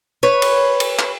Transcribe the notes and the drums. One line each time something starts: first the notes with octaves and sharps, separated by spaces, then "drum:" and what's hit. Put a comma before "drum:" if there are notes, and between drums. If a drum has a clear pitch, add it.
B4 C#5
drum: cymbal
drum: cymbal
drum: clap